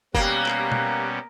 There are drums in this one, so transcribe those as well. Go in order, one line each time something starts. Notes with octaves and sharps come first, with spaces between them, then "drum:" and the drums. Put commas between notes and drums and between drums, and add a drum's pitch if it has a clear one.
B2 G3 A#3 C#4 G4 F#6, drum: kick F#1
drum: clap
drum: tom B2